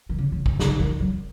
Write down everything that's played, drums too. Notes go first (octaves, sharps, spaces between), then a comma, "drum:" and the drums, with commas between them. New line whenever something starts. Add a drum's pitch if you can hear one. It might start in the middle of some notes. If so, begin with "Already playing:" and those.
D#3
C#3
C#3
drum: kick
C#3, drum: snare
D#3
F#3